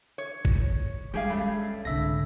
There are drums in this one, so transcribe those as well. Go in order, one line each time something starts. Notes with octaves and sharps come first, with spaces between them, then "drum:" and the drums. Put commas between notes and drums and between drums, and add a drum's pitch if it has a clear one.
C#5
drum: kick
G3 G#3 G4 G#4 F5
G2 G#3 A3 C#4
C2 G#2 D3 E5 A#6